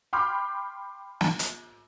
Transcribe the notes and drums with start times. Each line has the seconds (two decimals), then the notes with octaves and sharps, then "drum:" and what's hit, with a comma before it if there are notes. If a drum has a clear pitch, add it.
0.13 G5 B5 C6 D6 F6 G6
1.21 drum: snare
1.39 drum: hi-hat